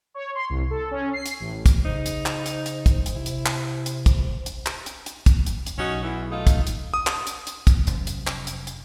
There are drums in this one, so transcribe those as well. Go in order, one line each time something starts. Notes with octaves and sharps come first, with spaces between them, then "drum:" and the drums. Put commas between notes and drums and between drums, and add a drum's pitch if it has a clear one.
C#5
C6
C2
A4
C#4
C7
drum: hi-hat
A1
drum: kick, hi-hat
C#3 D#4 C5
drum: hi-hat
drum: clap
drum: hi-hat
drum: hi-hat
drum: kick, hi-hat
drum: hi-hat
C3 E4
drum: hi-hat
drum: clap
drum: hi-hat
drum: kick, hi-hat
drum: hi-hat
drum: clap
drum: hi-hat
drum: hi-hat
drum: kick, hi-hat
drum: hi-hat
drum: hi-hat
B1 C#4 D#4 F#4
E2 E4
A3 D#4 F4
drum: kick, hi-hat
drum: hi-hat
D#6
drum: clap
drum: hi-hat
drum: hi-hat
drum: kick, hi-hat
F1 F#2 F3, drum: hi-hat
drum: hi-hat
drum: clap
drum: hi-hat
drum: hi-hat